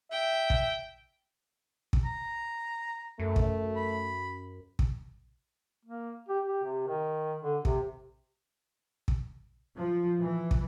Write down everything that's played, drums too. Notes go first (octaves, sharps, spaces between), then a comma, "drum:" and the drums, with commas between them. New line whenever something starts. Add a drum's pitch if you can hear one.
E5 G5
drum: kick
drum: kick
A#5
F#2 A3
drum: kick
B5
drum: kick
A#3
G4
G4
C3
D#3
D3
C3, drum: kick
drum: kick
F3
E3
drum: kick